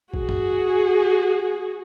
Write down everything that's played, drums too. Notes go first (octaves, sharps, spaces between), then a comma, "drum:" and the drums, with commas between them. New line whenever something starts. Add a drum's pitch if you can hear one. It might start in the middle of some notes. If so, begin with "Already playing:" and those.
F#4 G#4, drum: kick
drum: tom F#2